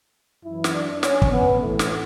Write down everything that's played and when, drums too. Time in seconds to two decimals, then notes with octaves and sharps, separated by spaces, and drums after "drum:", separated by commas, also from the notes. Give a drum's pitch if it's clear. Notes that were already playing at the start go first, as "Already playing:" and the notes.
0.45 F#2 E3 E4
0.64 drum: snare
0.74 D4
1.03 C#4, drum: snare
1.22 drum: kick
1.31 B3
1.60 A2 E3 A3
1.79 drum: snare